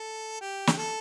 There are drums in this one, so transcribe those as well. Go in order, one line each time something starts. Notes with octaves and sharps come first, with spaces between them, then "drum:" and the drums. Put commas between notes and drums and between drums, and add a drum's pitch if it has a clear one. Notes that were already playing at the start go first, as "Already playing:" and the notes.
Already playing: A4
G4
drum: snare
A4